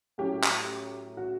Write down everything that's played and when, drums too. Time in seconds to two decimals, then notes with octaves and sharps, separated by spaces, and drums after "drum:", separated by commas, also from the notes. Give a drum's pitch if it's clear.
0.18 A2 F#3 C#4 G4
0.43 drum: clap
1.17 F#4